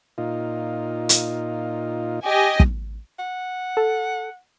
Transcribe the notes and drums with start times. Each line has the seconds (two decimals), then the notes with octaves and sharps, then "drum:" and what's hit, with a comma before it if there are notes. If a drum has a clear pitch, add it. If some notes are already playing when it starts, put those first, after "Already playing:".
0.18 A#2 D#4 F4
1.09 drum: hi-hat
2.26 G4 D#5 G#5
2.60 drum: kick
3.19 F#5
3.77 A4